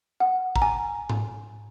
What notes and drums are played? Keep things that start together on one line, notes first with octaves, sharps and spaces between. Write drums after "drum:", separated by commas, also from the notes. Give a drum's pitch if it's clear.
F#5
A#5, drum: kick
G#5
drum: tom G#2